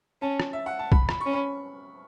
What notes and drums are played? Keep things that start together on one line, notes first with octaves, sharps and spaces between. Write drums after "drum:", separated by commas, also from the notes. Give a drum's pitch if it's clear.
C#4 A5
drum: rim click
E5
F#5
A5
B5, drum: kick
B5, drum: rim click
C#6
C#4
B5